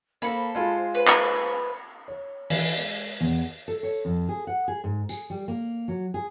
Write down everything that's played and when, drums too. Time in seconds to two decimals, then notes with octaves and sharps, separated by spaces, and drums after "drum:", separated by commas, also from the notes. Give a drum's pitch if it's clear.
0.22 A#3 A4 C5 B5
0.55 G#3 F4
0.95 B4
1.07 drum: clap
2.08 C#5
2.50 E3, drum: open hi-hat
2.77 G#3
3.21 E2
3.68 A4
3.83 C#5
4.05 F2
4.29 G#4
4.47 F#5
4.68 G#4
4.84 G#2
5.09 G#4, drum: tambourine
5.30 G3
5.48 A#3
5.88 F#3
6.14 G#4